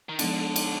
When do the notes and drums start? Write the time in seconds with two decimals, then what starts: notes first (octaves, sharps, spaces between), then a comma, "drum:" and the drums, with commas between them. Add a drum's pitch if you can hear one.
0.09 D#3
0.19 D3 F3 G#3 B3 D4, drum: cymbal
0.56 drum: cymbal